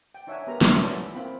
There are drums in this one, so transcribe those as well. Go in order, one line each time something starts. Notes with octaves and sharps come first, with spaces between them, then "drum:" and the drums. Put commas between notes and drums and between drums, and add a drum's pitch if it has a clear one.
G5
D4 D#4 C#5 E5 F#5 G#5
B3 G4 A#4 A#5
E4, drum: snare
B3 C#4 E4 A4 D5 E5
A#3 C4 F4 G5 B5